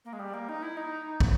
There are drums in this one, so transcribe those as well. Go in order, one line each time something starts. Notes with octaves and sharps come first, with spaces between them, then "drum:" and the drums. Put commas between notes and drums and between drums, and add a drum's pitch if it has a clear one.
A#3
G#3
G3
A#3
D#4
E4
D#4
drum: kick